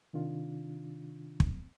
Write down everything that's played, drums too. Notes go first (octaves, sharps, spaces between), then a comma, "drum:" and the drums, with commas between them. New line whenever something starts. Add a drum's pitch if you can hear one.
C3 D#3 D4 F4
drum: kick